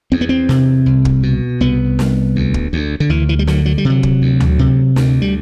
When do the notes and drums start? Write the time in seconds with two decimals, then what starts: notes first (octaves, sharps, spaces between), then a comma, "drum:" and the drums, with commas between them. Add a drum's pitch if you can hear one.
0.12 E2 C4
0.21 B3
0.29 C4
0.49 C3, drum: snare
0.86 C2
1.05 drum: kick
1.23 B2
1.61 C2 B3
1.99 C2, drum: snare
2.36 D2
2.54 drum: kick
2.73 D2
3.00 D3
3.09 D2 E3
3.29 E3
3.39 G3
3.47 D3 F#3, drum: snare
3.66 F#3
3.78 G3
3.85 C3
3.90 F#3
4.03 drum: kick
4.22 D2
4.40 drum: tom D2
4.59 C3
4.96 D2, drum: snare
5.22 G3